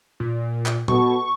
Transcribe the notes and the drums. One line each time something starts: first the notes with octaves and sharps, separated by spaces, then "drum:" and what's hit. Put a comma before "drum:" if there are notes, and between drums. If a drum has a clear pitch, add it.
A#2
drum: clap
B2 A4 C#6, drum: tom A#2